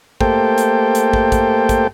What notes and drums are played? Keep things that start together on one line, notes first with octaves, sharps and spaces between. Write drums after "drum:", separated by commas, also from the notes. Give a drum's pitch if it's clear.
A3 A#3 G4 A4 C5 G5, drum: kick
drum: hi-hat
drum: hi-hat
drum: kick
drum: kick, hi-hat
drum: kick, hi-hat